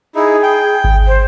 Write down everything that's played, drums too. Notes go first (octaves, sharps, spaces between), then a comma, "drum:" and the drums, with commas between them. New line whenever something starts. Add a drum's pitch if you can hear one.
D#4 E4 G#4
G5
drum: kick G#1
C5